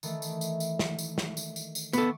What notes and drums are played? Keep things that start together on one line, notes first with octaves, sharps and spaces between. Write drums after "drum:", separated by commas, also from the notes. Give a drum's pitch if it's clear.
D#3 E3 A3, drum: tambourine
drum: tambourine
drum: tambourine
drum: tambourine
drum: snare
drum: tambourine
drum: snare
drum: tambourine
drum: tambourine
drum: tambourine
B3 A4 C#6 D6, drum: tambourine